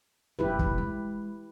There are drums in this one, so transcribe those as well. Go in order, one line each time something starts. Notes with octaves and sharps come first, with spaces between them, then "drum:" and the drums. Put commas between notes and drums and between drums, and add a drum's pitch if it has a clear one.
F#1 E4 G4 B4
E1 D#2, drum: kick
G#3